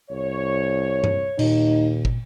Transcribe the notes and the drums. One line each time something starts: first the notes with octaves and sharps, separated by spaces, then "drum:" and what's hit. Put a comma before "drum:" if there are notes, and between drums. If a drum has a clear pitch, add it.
C2 C#5
drum: tom G2
D#2 A#2 D#4, drum: cymbal
drum: kick